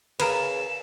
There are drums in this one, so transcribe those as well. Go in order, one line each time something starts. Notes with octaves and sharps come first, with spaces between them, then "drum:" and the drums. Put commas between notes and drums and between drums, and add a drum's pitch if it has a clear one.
C#3 G#4 A#4 B4 A#5 E7, drum: cymbal